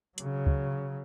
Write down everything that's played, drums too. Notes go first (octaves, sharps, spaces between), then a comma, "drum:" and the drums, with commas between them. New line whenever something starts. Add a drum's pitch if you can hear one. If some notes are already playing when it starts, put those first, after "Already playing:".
C#3 F#3, drum: hi-hat
drum: kick